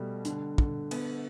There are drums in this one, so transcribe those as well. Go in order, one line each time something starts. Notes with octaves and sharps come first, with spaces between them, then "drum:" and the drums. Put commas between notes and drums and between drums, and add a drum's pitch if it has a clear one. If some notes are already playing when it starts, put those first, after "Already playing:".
Already playing: B2 G3 A3
D3, drum: hi-hat
D3, drum: kick
B3, drum: cymbal